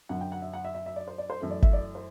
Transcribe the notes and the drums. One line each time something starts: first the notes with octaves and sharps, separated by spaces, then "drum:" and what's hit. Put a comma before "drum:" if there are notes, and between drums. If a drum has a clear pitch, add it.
F#2 D3 F#3 F#5
G5
F#5
E5
F#5
E5
E5
E5
D5
C5
D5
C5
F#2 E3 A3
D5
E5, drum: kick G#1
D5
C5